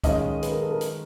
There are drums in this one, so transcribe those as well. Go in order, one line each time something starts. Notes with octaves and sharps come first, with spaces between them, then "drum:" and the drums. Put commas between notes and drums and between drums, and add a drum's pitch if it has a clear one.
F#2 D#3 G#3 C#4 F4 D#5, drum: kick C#2, hi-hat
B4, drum: hi-hat
A#4
A4
A#4
drum: hi-hat